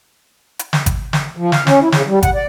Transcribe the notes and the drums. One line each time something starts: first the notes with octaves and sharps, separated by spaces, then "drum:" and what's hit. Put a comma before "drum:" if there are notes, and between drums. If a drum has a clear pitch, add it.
drum: hi-hat
drum: snare
drum: kick G#1, hi-hat
drum: snare
F3
F5, drum: snare
C#4, drum: snare
E4
C#3, drum: snare
G3
F#5, drum: kick G#1, hi-hat
D5